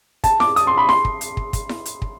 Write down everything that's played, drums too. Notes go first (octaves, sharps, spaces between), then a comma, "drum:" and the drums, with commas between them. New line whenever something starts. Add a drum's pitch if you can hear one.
A5, drum: kick, hi-hat
D6, drum: snare E4
D#6, drum: hi-hat
C6
B5
C6, drum: snare E4
drum: kick
drum: hi-hat
drum: kick
drum: kick, hi-hat
drum: snare E4
drum: hi-hat
drum: kick